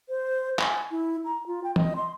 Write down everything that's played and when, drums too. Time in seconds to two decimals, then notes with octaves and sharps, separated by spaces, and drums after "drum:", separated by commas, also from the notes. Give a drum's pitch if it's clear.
0.09 C5
0.59 G#5, drum: clap
0.91 E4
1.25 A#5
1.47 F4
1.64 G5
1.76 D#5, drum: tom
1.96 C6